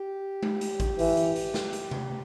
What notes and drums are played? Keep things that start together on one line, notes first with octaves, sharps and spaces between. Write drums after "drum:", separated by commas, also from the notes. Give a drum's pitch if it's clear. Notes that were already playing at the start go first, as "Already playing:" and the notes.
Already playing: G4
drum: tom G#3
drum: hi-hat
drum: kick A1, hi-hat
E3, drum: open hi-hat
drum: hi-hat
drum: hi-hat
drum: snare
drum: hi-hat
drum: tom C3